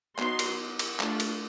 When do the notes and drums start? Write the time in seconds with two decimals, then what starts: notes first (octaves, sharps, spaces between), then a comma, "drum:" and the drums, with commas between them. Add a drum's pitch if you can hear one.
0.19 F#3 B3 D#4 C6, drum: clap
0.39 drum: cymbal
0.79 drum: cymbal
1.00 A3 D4 F4, drum: clap
1.20 drum: cymbal